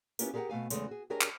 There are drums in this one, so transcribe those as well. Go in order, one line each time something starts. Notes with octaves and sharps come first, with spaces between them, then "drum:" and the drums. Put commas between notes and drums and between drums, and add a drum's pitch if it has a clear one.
B3 C#4 E4 F4 G4 A#4, drum: tambourine
G4 G#4 A#4 B4 F#5 G5
B2 A3 F5 G#5
E2 C#3 G#3 A3 C#4, drum: tambourine
F#4 G#4
D4 G4 G#4 A#4 C#5 D#5
drum: clap